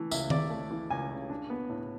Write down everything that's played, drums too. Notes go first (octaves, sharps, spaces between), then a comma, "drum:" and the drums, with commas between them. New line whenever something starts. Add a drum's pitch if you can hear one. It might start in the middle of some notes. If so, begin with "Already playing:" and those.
Already playing: E3 A3
C#2 E5, drum: tambourine
C#3 D5, drum: tom D#3
A3
E3
C#2 G#5
C#3
D4
B3
A2